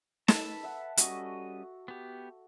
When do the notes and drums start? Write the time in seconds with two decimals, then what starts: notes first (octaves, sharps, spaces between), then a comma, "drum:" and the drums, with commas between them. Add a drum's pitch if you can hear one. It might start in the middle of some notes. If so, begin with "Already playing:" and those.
0.28 A4 B4 A5, drum: snare
0.63 E5 F#5
0.97 G3 C#4 F#4 D#5, drum: hi-hat
1.88 B3 G4